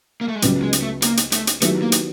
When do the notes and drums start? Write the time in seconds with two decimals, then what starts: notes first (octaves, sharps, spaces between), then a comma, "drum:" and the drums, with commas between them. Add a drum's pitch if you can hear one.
0.21 A#3
0.28 A3
0.35 G#3
0.42 C#2 C#3 F#3 G3 B3, drum: hi-hat
0.63 G#3
0.73 drum: hi-hat
0.82 A3
1.02 A#3, drum: hi-hat
1.17 drum: hi-hat
1.32 A3, drum: hi-hat
1.47 drum: hi-hat
1.62 D#3 F#3 A3 B3 E4 G4, drum: hi-hat
1.82 A#3
1.92 drum: hi-hat